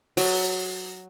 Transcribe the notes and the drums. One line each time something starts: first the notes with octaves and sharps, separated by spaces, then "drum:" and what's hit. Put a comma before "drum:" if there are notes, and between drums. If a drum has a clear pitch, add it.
F#3, drum: open hi-hat